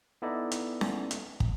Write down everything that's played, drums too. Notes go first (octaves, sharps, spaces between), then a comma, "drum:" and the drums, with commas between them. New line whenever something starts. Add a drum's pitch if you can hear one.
B3 D#4 E4 A4 D5 D#5
drum: hi-hat
drum: snare C#4
drum: hi-hat
drum: kick